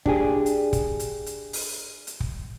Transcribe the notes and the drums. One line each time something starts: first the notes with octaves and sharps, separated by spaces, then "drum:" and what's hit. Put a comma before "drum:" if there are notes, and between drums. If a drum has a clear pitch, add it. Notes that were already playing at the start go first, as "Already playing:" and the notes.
D4 G4 G#4, drum: kick
drum: hi-hat
drum: kick, hi-hat
drum: hi-hat
drum: hi-hat
drum: open hi-hat
drum: hi-hat
drum: kick